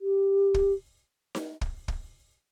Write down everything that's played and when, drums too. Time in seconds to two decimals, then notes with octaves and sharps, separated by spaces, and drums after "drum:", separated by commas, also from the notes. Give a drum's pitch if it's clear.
0.01 G4
0.54 drum: kick
1.35 drum: snare D#4
1.61 drum: kick
1.88 drum: kick